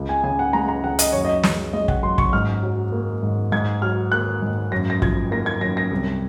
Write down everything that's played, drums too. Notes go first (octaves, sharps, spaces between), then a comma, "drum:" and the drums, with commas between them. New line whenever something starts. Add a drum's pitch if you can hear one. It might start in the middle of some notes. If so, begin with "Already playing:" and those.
Already playing: C#2
G#5
C#3 G#5
F#5
G#3 A#5
A#5
C#2 F#5
D#5, drum: hi-hat
F#2 C#5
D#5
C#3, drum: snare
G#3 D#5
F#5, drum: kick
F#2 C6
C#6, drum: kick
G#2 F6
F#3
A#3
G#2
G#2 G#6
F#3 F6
A#3 F#6
G#2
F#2 A#6
A#6
F3 G#6, drum: kick
A#3 A#6
G#6
F#2 A#6
A#6
C2